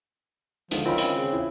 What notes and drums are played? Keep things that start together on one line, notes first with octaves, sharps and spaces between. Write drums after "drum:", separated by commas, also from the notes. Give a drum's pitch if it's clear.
D3 D#3 F3 G#3, drum: hi-hat
D#3 C4 C#4 E4 F4 F5 B5
drum: hi-hat
C#3
E3 E4 F4